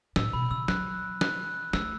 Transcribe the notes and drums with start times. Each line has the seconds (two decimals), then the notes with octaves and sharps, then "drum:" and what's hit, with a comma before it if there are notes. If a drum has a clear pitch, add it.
0.16 A2 E6, drum: snare
0.33 B2 B5
0.51 C#3 E6
0.68 F#3 F#6, drum: snare
1.21 F#6, drum: snare
1.73 A3 E6, drum: snare